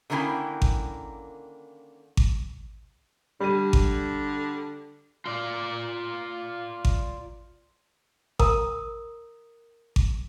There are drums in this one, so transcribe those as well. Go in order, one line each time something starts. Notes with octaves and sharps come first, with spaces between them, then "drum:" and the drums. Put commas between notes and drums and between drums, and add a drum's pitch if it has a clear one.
D3 D#3 A#3 C#4 E4 G5
drum: kick G#1
drum: kick G#1
D3 G3 D#7
drum: kick G#1
F4 D5
drum: kick G#1
A#4 A#5 D#6, drum: kick G#1
drum: kick G#1